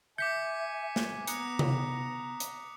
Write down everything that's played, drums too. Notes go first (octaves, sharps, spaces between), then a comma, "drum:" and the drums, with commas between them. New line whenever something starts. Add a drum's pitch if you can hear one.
E5 G#5 D6 G6 B6 C#7
drum: snare A#3
B3 A#5 D#6 F#6 C#7, drum: hi-hat
drum: tom C3
drum: hi-hat